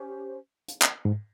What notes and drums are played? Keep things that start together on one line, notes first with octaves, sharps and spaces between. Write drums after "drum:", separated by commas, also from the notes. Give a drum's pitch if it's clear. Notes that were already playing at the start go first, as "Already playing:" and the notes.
Already playing: C#4 G4 C5
drum: hi-hat
drum: clap
G#2